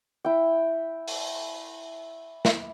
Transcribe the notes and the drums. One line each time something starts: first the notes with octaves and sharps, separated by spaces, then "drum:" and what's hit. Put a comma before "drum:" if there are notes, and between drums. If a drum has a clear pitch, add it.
E4 G5
drum: open hi-hat
drum: snare